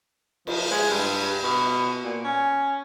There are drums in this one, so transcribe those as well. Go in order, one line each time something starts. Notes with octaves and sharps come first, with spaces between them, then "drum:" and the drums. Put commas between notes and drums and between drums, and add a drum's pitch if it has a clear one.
F3, drum: cymbal
G#3
G2
B2
A#2
C#4